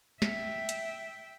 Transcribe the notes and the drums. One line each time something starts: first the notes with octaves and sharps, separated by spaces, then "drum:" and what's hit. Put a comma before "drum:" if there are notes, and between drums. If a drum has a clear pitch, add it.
E5 G5, drum: snare
drum: hi-hat